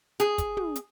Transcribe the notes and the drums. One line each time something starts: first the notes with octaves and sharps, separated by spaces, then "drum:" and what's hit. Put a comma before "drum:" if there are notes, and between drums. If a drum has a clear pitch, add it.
G#4, drum: hi-hat
drum: kick, hi-hat
drum: tom
drum: hi-hat